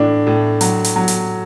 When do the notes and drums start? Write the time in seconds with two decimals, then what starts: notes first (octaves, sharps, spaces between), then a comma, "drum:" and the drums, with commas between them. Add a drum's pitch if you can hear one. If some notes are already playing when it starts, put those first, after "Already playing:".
Already playing: A2 E3 A3 D4
0.27 A2
0.61 F#3, drum: hi-hat
0.85 drum: hi-hat
0.96 F#3
1.08 drum: hi-hat